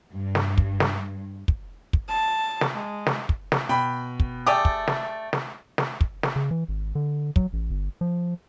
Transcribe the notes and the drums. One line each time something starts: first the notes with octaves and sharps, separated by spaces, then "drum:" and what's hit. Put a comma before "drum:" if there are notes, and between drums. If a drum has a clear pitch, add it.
G2
drum: snare
drum: kick
drum: snare
drum: kick
drum: kick
A5
drum: snare
G#3
drum: snare
drum: kick
drum: snare
B2 G5 B5
drum: kick
A3 G4 G#4 D5 G5 D6
drum: kick
drum: snare
drum: snare
drum: snare
drum: kick
drum: snare
C#3
E3
G#1
D3
F#3, drum: kick
A1
G1
F3